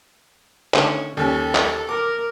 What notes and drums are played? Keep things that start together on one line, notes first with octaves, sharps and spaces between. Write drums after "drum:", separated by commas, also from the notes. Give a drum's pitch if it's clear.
D3 D#3 A3 C#4, drum: clap
D#2 G3 C#4 A4
drum: clap
A#4 D6